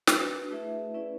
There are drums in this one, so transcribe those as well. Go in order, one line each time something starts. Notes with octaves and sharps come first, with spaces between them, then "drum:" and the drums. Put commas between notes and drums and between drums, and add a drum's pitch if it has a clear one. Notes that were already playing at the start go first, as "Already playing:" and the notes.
D4 F#4 B4, drum: snare
A3 E4 G#4 B4 E5
C#4 E4 B4 D5